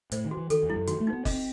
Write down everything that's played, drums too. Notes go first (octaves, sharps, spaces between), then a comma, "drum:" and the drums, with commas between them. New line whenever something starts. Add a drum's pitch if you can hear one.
A2 C5, drum: hi-hat
D#3
F#4
E3
D#3 A4, drum: hi-hat
E2
G2 E4
F#2
D#3 F#4, drum: hi-hat
A3
D#4
B3
C4 D#5, drum: kick F#1, open hi-hat